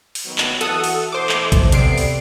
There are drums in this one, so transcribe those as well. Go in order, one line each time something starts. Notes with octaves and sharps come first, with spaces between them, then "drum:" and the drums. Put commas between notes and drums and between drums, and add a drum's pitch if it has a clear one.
drum: open hi-hat
D#3 F#3 B3
drum: clap
E3 F#4 A4 F#5 D#6, drum: hi-hat
drum: open hi-hat
B2 E3 A4 C5 D6
drum: clap
drum: kick, hi-hat
C3 B3 D5 C7 D7, drum: hi-hat
drum: open hi-hat